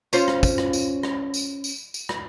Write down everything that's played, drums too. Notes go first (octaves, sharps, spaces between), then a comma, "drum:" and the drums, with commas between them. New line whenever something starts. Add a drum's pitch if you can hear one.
C#4 F4 C5, drum: tambourine
drum: rim click
drum: kick, tambourine
drum: rim click
drum: tambourine
drum: rim click
drum: tambourine
drum: tambourine
drum: tambourine
drum: rim click